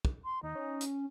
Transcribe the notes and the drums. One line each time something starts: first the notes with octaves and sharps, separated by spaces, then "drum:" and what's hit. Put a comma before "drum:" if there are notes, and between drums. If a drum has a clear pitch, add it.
drum: kick
C6
D#2 D#4
C#4
drum: hi-hat